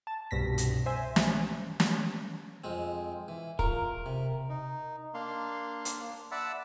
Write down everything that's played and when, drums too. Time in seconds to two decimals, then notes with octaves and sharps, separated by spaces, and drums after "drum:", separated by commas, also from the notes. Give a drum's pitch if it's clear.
0.07 A5
0.31 C2 G2 B2 A#6 B6
0.58 drum: hi-hat
0.86 C5 E5 G#5
1.16 drum: snare
1.80 drum: snare
2.64 F2 G#3 C4
3.28 E3
3.59 F4 A#4 C#6, drum: kick
4.06 C3
4.49 D#4
5.14 A#3 D4 F5 C6
5.85 drum: hi-hat
6.31 D5 E5 F#5 A5 B5 E6